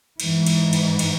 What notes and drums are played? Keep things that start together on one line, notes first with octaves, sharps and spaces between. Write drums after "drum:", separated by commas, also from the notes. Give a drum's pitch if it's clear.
G#2 E3, drum: cymbal
drum: cymbal
drum: cymbal
drum: cymbal